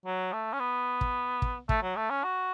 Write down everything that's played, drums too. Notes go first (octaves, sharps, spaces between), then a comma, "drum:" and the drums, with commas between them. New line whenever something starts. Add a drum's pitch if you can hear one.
F#3
A3
C#4
B3
drum: kick
drum: kick
A3, drum: kick
F#3
A3
C#4
F#4